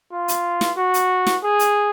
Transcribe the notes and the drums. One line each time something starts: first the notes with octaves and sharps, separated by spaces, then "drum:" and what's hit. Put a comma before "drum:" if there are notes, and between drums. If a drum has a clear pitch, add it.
F4
drum: hi-hat
drum: snare
F#4
drum: hi-hat
drum: snare
G#4
drum: hi-hat